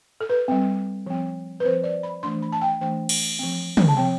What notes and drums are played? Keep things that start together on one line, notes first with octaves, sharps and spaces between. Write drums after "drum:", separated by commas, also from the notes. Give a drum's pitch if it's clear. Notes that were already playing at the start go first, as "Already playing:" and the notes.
A4
B4
G3 C4
F3 C4
B4
F3 C4 C5
D5
B5
E3 A3 D4 C6
B5
A5
G5
E3 A3 D4 G5
drum: cymbal
F3 C4
drum: tom
A5
F3 C4 G5